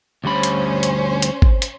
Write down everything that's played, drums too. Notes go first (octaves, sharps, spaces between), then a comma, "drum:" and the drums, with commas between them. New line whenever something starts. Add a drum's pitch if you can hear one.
D2 G3 C#4 C5 B5
drum: hi-hat
drum: hi-hat
drum: hi-hat
drum: kick G#1
drum: hi-hat